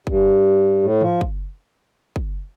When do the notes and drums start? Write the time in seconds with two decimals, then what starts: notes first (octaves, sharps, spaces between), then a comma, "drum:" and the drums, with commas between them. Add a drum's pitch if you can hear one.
0.07 G2, drum: kick
0.83 A2
1.01 F3, drum: tom G#2
1.21 drum: kick
2.16 drum: kick